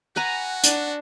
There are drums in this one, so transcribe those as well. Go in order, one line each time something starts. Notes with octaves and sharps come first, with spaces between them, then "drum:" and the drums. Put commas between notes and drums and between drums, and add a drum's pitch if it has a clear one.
F#4 B4 F#5 G#5 A#5
D4, drum: hi-hat